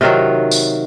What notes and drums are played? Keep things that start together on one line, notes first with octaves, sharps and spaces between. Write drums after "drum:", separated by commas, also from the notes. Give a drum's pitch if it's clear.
C3 D#3 F#3 F4
drum: tambourine